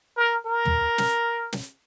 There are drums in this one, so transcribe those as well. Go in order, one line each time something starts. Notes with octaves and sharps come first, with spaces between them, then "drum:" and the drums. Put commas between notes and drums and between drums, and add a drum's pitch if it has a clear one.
A#4
A#4
drum: tom
drum: snare
drum: snare